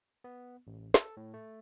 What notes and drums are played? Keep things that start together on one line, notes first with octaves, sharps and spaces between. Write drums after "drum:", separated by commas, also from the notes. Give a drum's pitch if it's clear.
B3
A1
A4, drum: snare
A2
A3